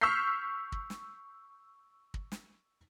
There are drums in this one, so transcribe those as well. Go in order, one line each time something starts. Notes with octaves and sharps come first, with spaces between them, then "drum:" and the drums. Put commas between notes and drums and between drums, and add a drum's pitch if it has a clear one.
C#6 E6 F6 G6 B6 C7
drum: kick
drum: snare
drum: kick
drum: snare